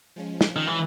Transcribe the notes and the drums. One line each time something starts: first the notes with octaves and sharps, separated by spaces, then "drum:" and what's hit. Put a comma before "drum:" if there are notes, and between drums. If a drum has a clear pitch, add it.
F3 G#3 C#4
drum: snare
D#3
E3